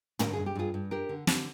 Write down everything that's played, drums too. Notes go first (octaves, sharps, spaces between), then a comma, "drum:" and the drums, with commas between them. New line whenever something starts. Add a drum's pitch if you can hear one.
D3 A#4, drum: tom
G2 G#4
G4
G2 F4 G#4
G2
D4 G4 A#4
D3
D3, drum: snare